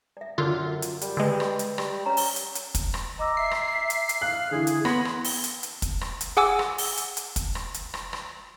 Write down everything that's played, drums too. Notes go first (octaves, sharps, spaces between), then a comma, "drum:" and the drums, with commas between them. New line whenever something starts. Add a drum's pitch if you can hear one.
D5 E5
F#2 D3 F4
drum: hi-hat
G3, drum: hi-hat
D3 G#3 C#4 A4 B4
drum: rim click
drum: hi-hat
G3, drum: rim click
C#4 C#5 A#5
drum: open hi-hat
drum: hi-hat
drum: hi-hat
drum: kick, hi-hat
drum: rim click
D#5 A#5 D6 E6
E5 C7
drum: rim click
drum: hi-hat
drum: hi-hat
F5 F#6
D3 E3 G#4
drum: hi-hat
B3 B5 C6 G#6 A#6, drum: rim click
drum: rim click
drum: open hi-hat
drum: hi-hat
drum: hi-hat
drum: kick, hi-hat
drum: rim click
drum: hi-hat
G#4 F#5 G#5 D6 E6
drum: rim click
drum: open hi-hat
drum: hi-hat
drum: hi-hat
drum: kick, hi-hat
drum: rim click
drum: hi-hat
drum: rim click
drum: rim click